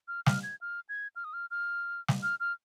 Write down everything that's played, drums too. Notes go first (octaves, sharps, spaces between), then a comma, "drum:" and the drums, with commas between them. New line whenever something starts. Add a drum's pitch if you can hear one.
F6
F6, drum: snare
G#6
F6
G#6
F6
D#6
F6
F6
drum: snare
F6
F6